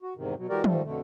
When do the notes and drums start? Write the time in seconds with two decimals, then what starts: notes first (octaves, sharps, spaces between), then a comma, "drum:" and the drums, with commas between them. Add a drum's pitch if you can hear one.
0.02 F#4
0.16 E2 G#2 C3 D#3
0.37 B2 F#3
0.49 E3 G#3 F#4 G4 A#4 D5
0.64 G#2 F3 G3 A3, drum: tom
0.84 F2 B2 D3 A3